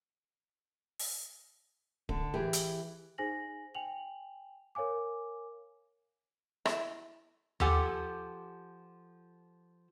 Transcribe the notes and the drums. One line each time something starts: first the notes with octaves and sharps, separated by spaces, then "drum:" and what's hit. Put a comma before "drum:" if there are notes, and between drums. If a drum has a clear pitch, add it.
drum: open hi-hat
D3, drum: kick D1
E3 G4 G#4
drum: hi-hat
D#4 G#4 C5 G#5 A#6 F#7
G5 G#5 F7 F#7
A#4 C#5 F5 G#5 D6
E4, drum: rim click
F3 G4 A4 F#5 G#5, drum: tom D#2